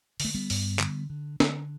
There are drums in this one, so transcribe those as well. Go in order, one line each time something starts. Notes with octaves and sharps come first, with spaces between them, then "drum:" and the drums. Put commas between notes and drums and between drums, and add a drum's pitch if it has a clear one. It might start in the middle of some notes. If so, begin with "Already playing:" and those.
D3 A3, drum: open hi-hat
G3 B3
G2, drum: open hi-hat
D3, drum: clap
D3
D3, drum: snare